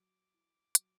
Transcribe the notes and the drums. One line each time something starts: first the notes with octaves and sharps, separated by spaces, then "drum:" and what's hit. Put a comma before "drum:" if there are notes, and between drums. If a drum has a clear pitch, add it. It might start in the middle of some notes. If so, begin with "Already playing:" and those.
Already playing: F#3 D6
E4
F#3, drum: hi-hat